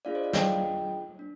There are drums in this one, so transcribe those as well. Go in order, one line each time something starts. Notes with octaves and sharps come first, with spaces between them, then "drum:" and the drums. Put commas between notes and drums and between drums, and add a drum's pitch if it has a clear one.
D4 F4 G#4 D5 F5
C5 D#5
D5 F5
D#5 G5, drum: snare
D4